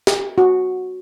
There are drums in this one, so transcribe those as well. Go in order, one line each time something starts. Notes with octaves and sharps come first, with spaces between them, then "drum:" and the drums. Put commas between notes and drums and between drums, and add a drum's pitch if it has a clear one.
drum: snare
F#4